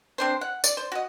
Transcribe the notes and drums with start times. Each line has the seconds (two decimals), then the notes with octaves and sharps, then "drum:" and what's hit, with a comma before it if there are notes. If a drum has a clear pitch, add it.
0.18 C4 D4 C5
0.41 F#5
0.64 D5, drum: tambourine
0.77 C5
0.92 F#4 D#5